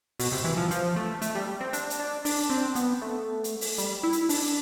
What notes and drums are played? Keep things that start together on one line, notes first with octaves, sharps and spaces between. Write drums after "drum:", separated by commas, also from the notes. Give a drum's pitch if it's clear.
B2, drum: open hi-hat
C3
E3
F3
F3, drum: hi-hat
A3
A3, drum: hi-hat
G3
C4
D4, drum: hi-hat
drum: hi-hat
D4
D4, drum: open hi-hat
C4
B3, drum: hi-hat
A3
drum: hi-hat
drum: open hi-hat
G3, drum: hi-hat
E4
drum: hi-hat
D4, drum: open hi-hat